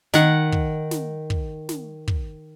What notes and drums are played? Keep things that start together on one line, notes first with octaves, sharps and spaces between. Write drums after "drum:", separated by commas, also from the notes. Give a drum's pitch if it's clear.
D#3 F#5, drum: snare
drum: kick
drum: snare
drum: kick
drum: snare
drum: kick